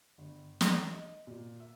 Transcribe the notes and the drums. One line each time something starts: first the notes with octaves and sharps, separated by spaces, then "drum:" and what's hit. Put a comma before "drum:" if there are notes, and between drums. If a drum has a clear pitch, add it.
G1
G3, drum: snare
D#5
A#2
E5